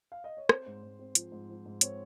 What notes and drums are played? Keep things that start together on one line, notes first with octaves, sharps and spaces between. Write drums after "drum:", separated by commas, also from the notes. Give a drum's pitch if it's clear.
F5
D#5
C#5
C4 C5, drum: rim click
G#2
G#2
C4
F3, drum: hi-hat
G#2
F3
G#2
C4 C#5, drum: hi-hat